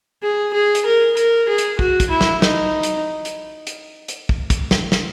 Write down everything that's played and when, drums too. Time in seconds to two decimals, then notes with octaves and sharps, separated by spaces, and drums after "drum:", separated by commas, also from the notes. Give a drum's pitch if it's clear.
0.23 G#4
0.53 G#4
0.75 drum: hi-hat
0.86 A#4
1.17 A#4, drum: hi-hat
1.48 G#4
1.58 drum: hi-hat
1.79 F#4, drum: kick
2.00 drum: kick, hi-hat
2.10 E4
2.21 drum: snare
2.42 D#4, drum: snare
2.83 drum: hi-hat
3.25 drum: hi-hat
3.67 drum: hi-hat
4.08 drum: hi-hat
4.29 drum: kick
4.50 drum: kick, hi-hat
4.71 drum: snare
4.92 drum: snare